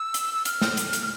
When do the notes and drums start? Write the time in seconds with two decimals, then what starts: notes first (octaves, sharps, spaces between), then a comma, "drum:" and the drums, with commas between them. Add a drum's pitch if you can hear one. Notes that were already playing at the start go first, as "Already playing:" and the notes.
Already playing: E6
0.14 drum: hi-hat
0.34 E6
0.45 F6, drum: hi-hat
0.61 drum: snare
0.77 drum: hi-hat
0.93 drum: hi-hat